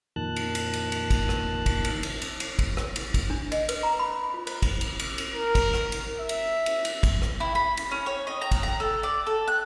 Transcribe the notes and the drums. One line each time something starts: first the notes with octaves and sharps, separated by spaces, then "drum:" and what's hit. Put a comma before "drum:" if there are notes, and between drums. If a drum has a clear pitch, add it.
F2 A#2 D#3 A5 F#6
drum: cymbal
drum: cymbal
drum: cymbal
drum: cymbal
drum: kick, cymbal
drum: rim click
drum: kick, cymbal
drum: cymbal
drum: cymbal
drum: cymbal
drum: cymbal
drum: kick, cymbal
drum: rim click
drum: cymbal
drum: kick, cymbal
D4
D#5, drum: cymbal
B4, drum: cymbal
A#5
B5
F4
C5, drum: cymbal
drum: kick, cymbal
drum: cymbal
drum: cymbal
drum: cymbal
A#4
drum: kick, cymbal
drum: rim click
drum: cymbal
E5
drum: cymbal
drum: cymbal
drum: cymbal
drum: kick, cymbal
drum: rim click
E4
B5
drum: cymbal
C#4
C#5
D#5
A#5
drum: kick, cymbal
A#5
A4
D5
A4
F#6